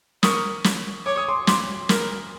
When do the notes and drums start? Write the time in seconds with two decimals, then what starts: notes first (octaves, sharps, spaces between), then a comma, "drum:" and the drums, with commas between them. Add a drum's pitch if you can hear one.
0.23 A#4 C#6 D#6, drum: snare
0.64 drum: snare
1.06 C#5 D6
1.17 D#6
1.28 C6 D6
1.47 C6 D6, drum: snare
1.89 A#4, drum: snare